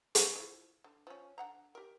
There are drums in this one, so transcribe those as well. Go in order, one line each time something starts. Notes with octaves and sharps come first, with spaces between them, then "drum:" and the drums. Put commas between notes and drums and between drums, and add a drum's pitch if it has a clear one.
A5, drum: hi-hat
F3 E4
D3
F3 C#4
D3 F#5 A#5
G4 A#4